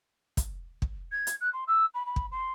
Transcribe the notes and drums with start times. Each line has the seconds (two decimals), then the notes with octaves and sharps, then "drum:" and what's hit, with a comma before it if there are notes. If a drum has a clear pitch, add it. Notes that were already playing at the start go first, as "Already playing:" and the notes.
0.37 drum: kick, hi-hat
0.82 drum: kick
1.11 G#6
1.27 drum: hi-hat
1.41 F#6
1.53 C6
1.67 E6
1.94 B5
2.05 B5
2.16 drum: kick
2.31 C6